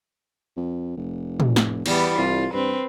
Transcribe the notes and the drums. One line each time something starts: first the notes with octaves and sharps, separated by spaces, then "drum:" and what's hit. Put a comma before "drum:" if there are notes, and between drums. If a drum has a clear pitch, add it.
F2
F1
drum: tom
drum: snare
E2 E3 G3 B3, drum: cymbal
C2 F4
G2 C4 B4